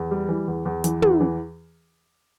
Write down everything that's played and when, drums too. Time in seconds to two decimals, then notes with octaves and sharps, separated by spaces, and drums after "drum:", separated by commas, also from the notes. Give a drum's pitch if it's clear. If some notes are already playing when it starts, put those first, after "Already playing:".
Already playing: E2
0.11 G3
0.29 E3
0.48 E2
0.65 E2
0.84 E3, drum: hi-hat
1.02 E2, drum: tom
1.20 E3